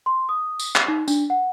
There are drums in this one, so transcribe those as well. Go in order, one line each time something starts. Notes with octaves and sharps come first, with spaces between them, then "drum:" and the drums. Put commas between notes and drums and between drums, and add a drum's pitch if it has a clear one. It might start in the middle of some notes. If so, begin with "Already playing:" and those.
C6
D#6
drum: tambourine
drum: clap
D#4
D4, drum: tambourine
F#5